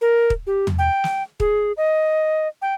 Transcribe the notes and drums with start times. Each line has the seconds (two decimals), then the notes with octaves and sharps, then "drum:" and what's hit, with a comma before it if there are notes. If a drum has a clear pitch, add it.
0.01 A#4
0.30 drum: kick
0.47 G4
0.67 drum: tom
0.79 G5
1.04 drum: snare
1.40 G#4, drum: kick
1.77 D#5
2.62 G5